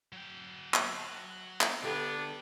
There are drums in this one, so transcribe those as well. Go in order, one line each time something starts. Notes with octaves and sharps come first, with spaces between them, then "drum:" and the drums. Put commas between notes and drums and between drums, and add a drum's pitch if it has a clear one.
F#3 G5
drum: clap
drum: clap
D3 B3 D4 G4 A4 D5 G5